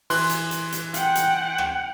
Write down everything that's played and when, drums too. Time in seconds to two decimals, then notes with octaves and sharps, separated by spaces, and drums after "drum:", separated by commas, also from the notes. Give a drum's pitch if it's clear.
0.10 E3 C6 F#6, drum: open hi-hat
0.29 drum: hi-hat
0.51 drum: hi-hat
0.72 drum: hi-hat
0.94 F#5 G5, drum: hi-hat
1.15 drum: hi-hat
1.58 drum: rim click